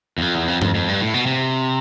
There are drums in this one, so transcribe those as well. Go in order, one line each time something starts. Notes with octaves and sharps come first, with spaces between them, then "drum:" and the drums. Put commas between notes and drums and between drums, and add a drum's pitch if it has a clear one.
E2
F2
E2
F2
F2, drum: tom G2
F2
G2
A2
B2
C3